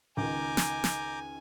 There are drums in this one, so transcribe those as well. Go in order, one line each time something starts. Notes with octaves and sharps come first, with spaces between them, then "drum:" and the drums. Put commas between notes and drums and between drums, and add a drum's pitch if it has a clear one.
C#2 D#3 G#5 A#5 D6 G6
drum: snare
drum: snare